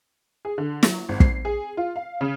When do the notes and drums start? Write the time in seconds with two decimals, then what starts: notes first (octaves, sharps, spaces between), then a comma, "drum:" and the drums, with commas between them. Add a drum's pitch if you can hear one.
0.45 G#4
0.58 D3
0.83 F#3, drum: snare
1.09 G#1
1.20 C7, drum: kick
1.45 G#4
1.77 F4
1.96 F5
2.21 C#3